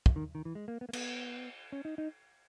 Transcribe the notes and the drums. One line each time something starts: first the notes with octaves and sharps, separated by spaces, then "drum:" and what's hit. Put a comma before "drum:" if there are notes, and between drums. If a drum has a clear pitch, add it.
drum: kick
D#3
D#3
E3
G#3
A#3
B3
A#3
B3, drum: cymbal
C#4
D#4
D#4